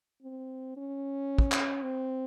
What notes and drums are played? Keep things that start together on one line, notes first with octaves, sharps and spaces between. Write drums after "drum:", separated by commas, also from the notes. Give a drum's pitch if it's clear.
C4
C#4
drum: kick
drum: clap
C4